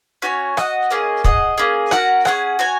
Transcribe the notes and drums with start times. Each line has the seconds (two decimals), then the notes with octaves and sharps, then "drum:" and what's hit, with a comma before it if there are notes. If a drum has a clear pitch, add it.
0.22 C#4 F#4 C#5 G#5
0.57 F#4 D#5 F#5, drum: rim click
0.91 A#3 C#4 G#4 D#5
1.24 G#4 D#5 F#5, drum: kick
1.58 A#3 C#4 G#4
1.91 C#4 F#4 A#4 F#5, drum: rim click
2.25 C#4 G#4 F#5, drum: rim click
2.59 F#4 C#5 G#5